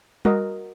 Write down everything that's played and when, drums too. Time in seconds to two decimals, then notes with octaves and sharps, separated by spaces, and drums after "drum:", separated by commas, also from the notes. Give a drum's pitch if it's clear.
0.25 F#4 A#4 D#5, drum: tom G3